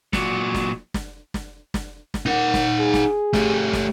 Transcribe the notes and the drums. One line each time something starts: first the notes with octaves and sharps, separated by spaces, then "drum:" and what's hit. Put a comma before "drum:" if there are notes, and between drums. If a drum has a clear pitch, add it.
A#2 F#3, drum: snare
drum: snare
drum: snare
drum: snare
drum: snare
drum: snare
D#4 A#4 F#5
drum: snare
G#4
drum: snare
A3 G4, drum: snare
drum: snare